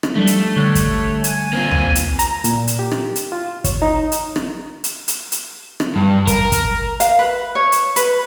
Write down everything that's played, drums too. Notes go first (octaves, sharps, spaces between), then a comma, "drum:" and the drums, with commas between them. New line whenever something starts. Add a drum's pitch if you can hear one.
drum: rim click
F3 G3 A3 D4
drum: hi-hat
D3 G3 C#5 F#6
drum: kick, hi-hat
G#5, drum: hi-hat
A#3 C4 F4
drum: tom
drum: hi-hat
A#5, drum: hi-hat
A#2, drum: hi-hat
drum: hi-hat
G4
drum: rim click
drum: hi-hat
F4
C#5, drum: kick, hi-hat
D#4
drum: hi-hat
drum: rim click
drum: hi-hat
drum: hi-hat
drum: hi-hat
drum: rim click
G2
A#4, drum: kick, hi-hat
drum: kick, hi-hat
F5, drum: hi-hat
B4
C#5
drum: hi-hat
B4, drum: hi-hat